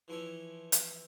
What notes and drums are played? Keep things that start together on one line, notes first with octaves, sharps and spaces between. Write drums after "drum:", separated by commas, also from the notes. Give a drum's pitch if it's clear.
E3 F3 E4 C#5
drum: hi-hat